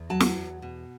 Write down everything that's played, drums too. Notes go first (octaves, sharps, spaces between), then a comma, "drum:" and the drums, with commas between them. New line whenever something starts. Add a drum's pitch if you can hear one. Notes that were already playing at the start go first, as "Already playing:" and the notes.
Already playing: E2
F#3 A5
drum: snare
E2
B2